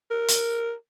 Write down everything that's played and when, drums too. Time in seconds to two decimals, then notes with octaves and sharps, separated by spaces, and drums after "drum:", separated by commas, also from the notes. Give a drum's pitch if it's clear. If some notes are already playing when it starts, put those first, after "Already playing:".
0.11 A#4
0.28 drum: hi-hat